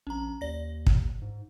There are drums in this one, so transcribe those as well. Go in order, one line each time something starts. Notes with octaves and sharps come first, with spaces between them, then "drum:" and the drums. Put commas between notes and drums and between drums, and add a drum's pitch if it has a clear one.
A#1 C#4 A#5
D#2 D5 A#6
drum: kick
G#2